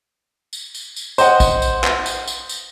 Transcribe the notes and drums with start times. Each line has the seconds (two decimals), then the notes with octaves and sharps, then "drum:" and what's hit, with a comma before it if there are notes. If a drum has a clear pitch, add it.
0.53 drum: tambourine
0.75 drum: tambourine
0.96 drum: tambourine
1.18 C5 D#5 F#5, drum: tambourine
1.40 drum: kick A#1, tambourine
1.62 drum: tambourine
1.84 drum: clap
2.06 drum: tambourine
2.28 drum: tambourine
2.49 drum: tambourine